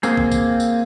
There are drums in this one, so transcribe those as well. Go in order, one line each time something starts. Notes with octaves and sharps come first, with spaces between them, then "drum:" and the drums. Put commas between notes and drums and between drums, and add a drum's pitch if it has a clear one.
A#3 C4 G#4, drum: tambourine
drum: kick
drum: kick, tambourine
drum: tambourine